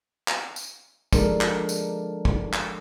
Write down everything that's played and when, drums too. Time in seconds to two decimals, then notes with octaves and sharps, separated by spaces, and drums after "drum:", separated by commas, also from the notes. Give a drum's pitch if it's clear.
0.28 drum: clap
0.56 drum: tambourine
1.13 F3 G#3 D4 A4 A#4, drum: kick, tambourine
1.41 drum: clap
1.69 drum: tambourine
2.25 drum: kick
2.53 drum: clap